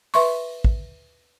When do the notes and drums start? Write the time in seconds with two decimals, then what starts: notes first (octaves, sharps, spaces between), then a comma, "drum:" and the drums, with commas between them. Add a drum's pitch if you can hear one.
0.14 B4 E5 C6 C#6, drum: open hi-hat
0.64 drum: kick